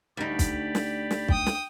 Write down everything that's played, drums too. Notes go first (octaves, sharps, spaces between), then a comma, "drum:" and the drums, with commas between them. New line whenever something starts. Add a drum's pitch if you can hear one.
D2 D#4 G4 D5 B5
drum: kick, hi-hat
drum: snare
drum: snare
G5 D#6, drum: kick
drum: snare